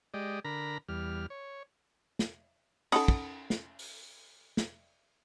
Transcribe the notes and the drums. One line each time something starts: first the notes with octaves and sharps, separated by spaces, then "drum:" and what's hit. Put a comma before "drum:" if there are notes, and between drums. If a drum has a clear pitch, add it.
G#3 G4 D5 D#5
D3 A#4 A#5 B5
E2 G3 F6
C#5
drum: snare
C#4 D#4 A4 F#5 B5 D#6, drum: cymbal
drum: kick
drum: snare
drum: open hi-hat
drum: snare